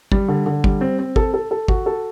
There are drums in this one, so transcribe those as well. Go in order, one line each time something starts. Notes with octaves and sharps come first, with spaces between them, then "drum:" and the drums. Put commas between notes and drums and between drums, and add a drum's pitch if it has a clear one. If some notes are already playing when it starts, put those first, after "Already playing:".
G3, drum: kick
D3
D3
G3, drum: kick
C4
C4
A4, drum: kick
A4
A4
F#4, drum: kick
A4